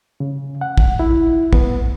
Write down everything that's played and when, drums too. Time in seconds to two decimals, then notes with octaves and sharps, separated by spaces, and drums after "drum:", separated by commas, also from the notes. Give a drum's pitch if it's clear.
0.20 C#3
0.61 F#5
0.78 drum: kick
0.99 E4
1.53 B3, drum: kick